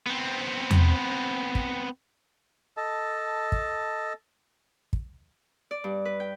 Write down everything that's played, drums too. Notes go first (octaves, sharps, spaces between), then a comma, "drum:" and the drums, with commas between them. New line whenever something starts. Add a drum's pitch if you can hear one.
B3 C4
drum: tom E2
drum: kick
A4 D#5 A5
drum: kick
drum: kick
D5
G2
B4
G5